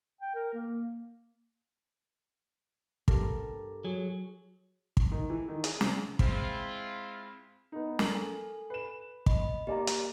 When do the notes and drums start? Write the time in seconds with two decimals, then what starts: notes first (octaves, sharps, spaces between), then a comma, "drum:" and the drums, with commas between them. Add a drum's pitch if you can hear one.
0.21 G5
0.35 A#4
0.53 A#3
3.08 G2 A4 A#4, drum: kick
3.85 F#3 G#4
4.97 drum: kick
5.12 D#3
5.30 E3
5.48 D#3
5.64 G#4, drum: hi-hat
5.81 C3, drum: snare
6.19 G#3 C4 E4 F4, drum: kick
7.72 B3 D#4
7.99 A4 A#4 G#5 F#7, drum: snare
8.70 B4 E7
9.26 D#5 B5, drum: kick
9.67 A#3 G4 D5 A#5
9.87 drum: hi-hat